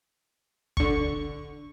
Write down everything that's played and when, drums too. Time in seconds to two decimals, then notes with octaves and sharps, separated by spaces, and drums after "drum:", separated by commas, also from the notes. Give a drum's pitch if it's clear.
0.77 D3 C#6, drum: kick